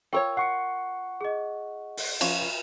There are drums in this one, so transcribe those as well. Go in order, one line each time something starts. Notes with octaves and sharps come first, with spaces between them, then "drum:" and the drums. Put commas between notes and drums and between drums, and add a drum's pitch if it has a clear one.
F4 A#4 C#5 G5 C#6 E6
F#5 C#6 C7 C#7
G#4 D#5
drum: open hi-hat
F3 C#4 F4, drum: cymbal